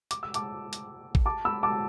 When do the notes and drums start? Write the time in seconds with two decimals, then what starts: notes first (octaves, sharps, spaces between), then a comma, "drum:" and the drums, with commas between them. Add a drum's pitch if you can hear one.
0.11 D6, drum: hi-hat
0.23 E6
0.34 A5 D6, drum: hi-hat
0.73 drum: hi-hat
1.15 drum: kick A1
1.26 A5 D6
1.45 B5 E6
1.63 A5 D6